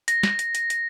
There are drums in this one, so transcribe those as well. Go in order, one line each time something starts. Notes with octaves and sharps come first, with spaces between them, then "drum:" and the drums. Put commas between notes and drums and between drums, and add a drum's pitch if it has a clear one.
A#6, drum: hi-hat
drum: snare
drum: hi-hat
drum: hi-hat
drum: hi-hat